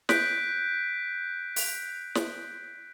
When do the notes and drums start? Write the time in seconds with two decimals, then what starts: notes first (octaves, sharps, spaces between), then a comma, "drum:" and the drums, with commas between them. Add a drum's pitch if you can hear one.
0.09 F#6 G6 B6 D7, drum: snare
1.56 drum: open hi-hat
2.15 drum: snare